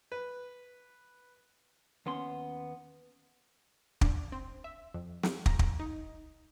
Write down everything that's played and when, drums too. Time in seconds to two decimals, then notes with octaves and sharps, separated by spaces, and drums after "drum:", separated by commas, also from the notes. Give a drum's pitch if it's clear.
0.12 B4
2.06 D#2 B3 C#4 C6
4.01 D4, drum: kick
4.32 C4
4.64 E5
4.94 F2
5.23 drum: snare
5.46 A#5, drum: kick
5.59 drum: kick
5.80 D#4